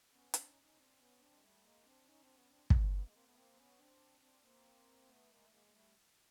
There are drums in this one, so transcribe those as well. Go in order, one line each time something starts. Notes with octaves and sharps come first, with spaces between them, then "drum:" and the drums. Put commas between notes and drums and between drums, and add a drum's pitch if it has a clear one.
B3 C#4
C4 D4, drum: hi-hat
C#4 D#4
C#4 D#4
C4 D4
B3 C#4
C4 D4
G#3
G3 A3
G#3 A#3
C4 D4
C#4 D#4
C4 D4
B3 C#4
C4 D4
C4 D4, drum: kick
B3 C#4
G#3 A#3
A#3 C4
A3 B3
A#3 C4
B3 C#4
C4 D4
C4 D4
A#3 C4
A3 B3
G#3 A#3
A3
G#3 A#3
A#3
G3 A3